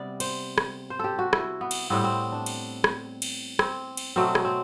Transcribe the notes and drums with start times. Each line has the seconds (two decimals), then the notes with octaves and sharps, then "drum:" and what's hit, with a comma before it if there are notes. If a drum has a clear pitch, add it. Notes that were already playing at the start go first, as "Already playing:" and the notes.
Already playing: C3 G3 B3 D5
0.20 C5, drum: cymbal
0.58 drum: rim click
0.90 C5
0.99 G4 A4
1.19 F#4
1.33 E4, drum: rim click
1.61 B3
1.71 drum: cymbal
1.90 A2 G3 B3 C4
2.04 C4
2.32 D4
2.46 drum: cymbal
2.84 drum: rim click
3.22 drum: cymbal
3.59 C4, drum: rim click
3.97 drum: cymbal
4.16 B2 F#3 A3 C4
4.35 drum: rim click
4.45 C4